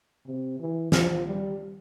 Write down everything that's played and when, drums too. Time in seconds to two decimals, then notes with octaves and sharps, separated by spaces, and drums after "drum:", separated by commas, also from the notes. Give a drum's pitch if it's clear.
0.26 C3
0.60 E3
0.92 F3, drum: snare
1.26 G3